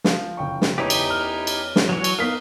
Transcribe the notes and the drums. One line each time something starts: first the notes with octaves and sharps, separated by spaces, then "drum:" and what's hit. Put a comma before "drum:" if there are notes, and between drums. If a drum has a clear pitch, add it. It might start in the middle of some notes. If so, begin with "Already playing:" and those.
F3, drum: snare
F#1 G5 C#6
drum: snare
E2 C#4 D#4 E4 G4
drum: cymbal
F6
drum: cymbal
drum: snare
E3 F#3 C#5
drum: cymbal
B3 D#4 A#4 F5 D#6 B6